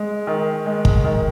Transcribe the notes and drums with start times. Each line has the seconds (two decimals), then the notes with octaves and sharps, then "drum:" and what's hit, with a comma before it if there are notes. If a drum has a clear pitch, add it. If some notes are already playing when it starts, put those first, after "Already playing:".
Already playing: G#3
0.27 D#3
0.66 G#3
0.85 drum: kick
1.04 D#3